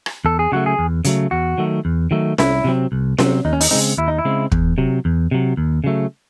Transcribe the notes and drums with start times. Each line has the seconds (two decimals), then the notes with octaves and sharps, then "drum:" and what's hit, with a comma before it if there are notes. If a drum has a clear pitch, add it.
0.06 drum: rim click
0.25 E2 A4
0.39 G#4
0.52 C#3 F#3 A3 F#4
0.66 G#4
0.79 E2
1.05 C#3 F#3 A3, drum: hi-hat
1.31 E2 F#4
1.58 D#3 F#3 A3
1.85 E2
2.11 D#3 F#3 A3
2.38 C2 E4, drum: snare C#4
2.64 C3 F#3 C4
2.92 C2
3.19 C3 F#3 C4, drum: snare C#4
3.45 D#2 D#4
3.53 C#4
3.61 D#4, drum: open hi-hat
3.71 C#3 G#3 C4 D#4
3.97 D#2 E4
4.08 D#4
4.19 E4
4.25 C#3 G#3 C4
4.52 E2, drum: kick
4.78 C3 F#3
5.05 E2
5.31 C3 F#3
5.57 D#2
5.84 C#3 F#3 A3